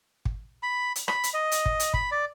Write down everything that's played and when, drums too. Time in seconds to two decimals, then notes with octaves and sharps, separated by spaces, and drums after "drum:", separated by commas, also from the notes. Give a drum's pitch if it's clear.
0.25 drum: kick
0.63 B5
0.95 drum: hi-hat
1.08 B5, drum: rim click
1.24 drum: hi-hat
1.34 D#5
1.52 drum: hi-hat
1.66 drum: kick
1.80 drum: hi-hat
1.94 B5, drum: kick
2.12 D5